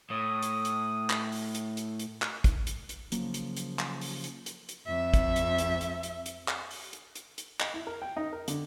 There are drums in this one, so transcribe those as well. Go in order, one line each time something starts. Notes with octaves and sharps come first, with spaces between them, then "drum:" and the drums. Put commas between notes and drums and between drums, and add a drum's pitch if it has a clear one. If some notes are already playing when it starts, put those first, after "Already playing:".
A2 D#6
drum: hi-hat
drum: hi-hat
drum: clap
drum: open hi-hat
drum: hi-hat
drum: hi-hat
drum: hi-hat
drum: clap
drum: kick, hi-hat
drum: hi-hat
drum: hi-hat
C#3 F3 F#3 A#3, drum: hi-hat
drum: hi-hat
drum: hi-hat
drum: clap
drum: open hi-hat
drum: hi-hat
drum: hi-hat
drum: hi-hat
F2 E5
drum: kick, hi-hat
drum: hi-hat
drum: hi-hat
drum: hi-hat
drum: hi-hat
drum: hi-hat
drum: clap
drum: open hi-hat
drum: hi-hat
drum: hi-hat
drum: hi-hat
D#5, drum: clap
E4
A#4
G5
D#4
A#4
D3, drum: hi-hat